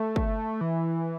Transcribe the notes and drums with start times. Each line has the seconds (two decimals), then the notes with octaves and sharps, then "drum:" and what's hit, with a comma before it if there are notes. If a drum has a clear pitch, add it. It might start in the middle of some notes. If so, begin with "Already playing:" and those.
Already playing: A3
0.16 drum: kick
0.61 E3